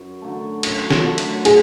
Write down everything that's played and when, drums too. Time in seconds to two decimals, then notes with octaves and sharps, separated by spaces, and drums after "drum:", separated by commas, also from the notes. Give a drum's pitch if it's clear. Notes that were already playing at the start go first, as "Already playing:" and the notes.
Already playing: F#2
0.22 D3 F#3 A3
0.63 F#2, drum: cymbal
0.91 drum: snare
1.05 D3 F#3 A3
1.18 drum: cymbal
1.45 G#4, drum: cymbal